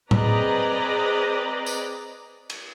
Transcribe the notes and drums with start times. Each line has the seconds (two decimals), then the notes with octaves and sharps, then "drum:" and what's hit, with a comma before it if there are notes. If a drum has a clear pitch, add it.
0.11 C4 G#4 B4 D5 D#5 A#5, drum: tom A2
1.66 drum: tambourine
2.50 drum: cymbal